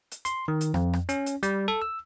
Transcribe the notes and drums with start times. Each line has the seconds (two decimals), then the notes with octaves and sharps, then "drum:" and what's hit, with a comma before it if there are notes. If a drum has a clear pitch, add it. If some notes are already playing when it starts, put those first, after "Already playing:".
0.11 drum: hi-hat
0.25 C6, drum: hi-hat
0.48 D#3
0.61 drum: hi-hat
0.74 F2, drum: rim click
0.93 drum: rim click
1.09 C#4, drum: hi-hat
1.26 drum: hi-hat
1.43 G3, drum: hi-hat
1.68 A4
1.82 E6